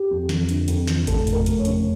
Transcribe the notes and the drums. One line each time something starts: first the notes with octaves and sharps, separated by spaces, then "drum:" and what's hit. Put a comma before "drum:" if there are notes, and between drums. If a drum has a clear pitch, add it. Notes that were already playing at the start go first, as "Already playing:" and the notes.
Already playing: G4
F2
F2, drum: snare
D3, drum: hi-hat
F2, drum: hi-hat
D3, drum: snare
F1 A4, drum: kick G#1, hi-hat
F1, drum: hi-hat
A#4
F1, drum: hi-hat
C#5
C#3, drum: hi-hat